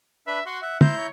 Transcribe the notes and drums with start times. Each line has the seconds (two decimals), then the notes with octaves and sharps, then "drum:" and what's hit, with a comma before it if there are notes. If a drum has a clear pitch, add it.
0.27 D4 B4 E5 B5
0.46 F#4 F#5 C6
0.62 E5 F#5
0.81 E4 C5 A#5 G6, drum: tom
0.98 C#5